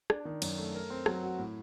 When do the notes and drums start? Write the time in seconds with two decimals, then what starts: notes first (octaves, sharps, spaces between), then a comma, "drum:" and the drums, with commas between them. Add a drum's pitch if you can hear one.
0.10 D4, drum: rim click
0.25 D#3
0.42 F#2, drum: cymbal
0.58 A3
0.75 A#4
0.90 C4
1.06 F#3, drum: rim click
1.23 F#4
1.38 A2